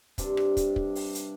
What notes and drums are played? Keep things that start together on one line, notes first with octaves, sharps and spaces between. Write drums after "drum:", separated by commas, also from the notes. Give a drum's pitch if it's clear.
G2 C3 D4, drum: kick, hi-hat
drum: rim click
drum: kick, hi-hat
drum: kick
drum: open hi-hat
drum: hi-hat